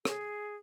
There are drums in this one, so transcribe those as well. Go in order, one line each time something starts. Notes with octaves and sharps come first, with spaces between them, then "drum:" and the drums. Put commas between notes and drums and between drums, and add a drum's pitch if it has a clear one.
G#4, drum: rim click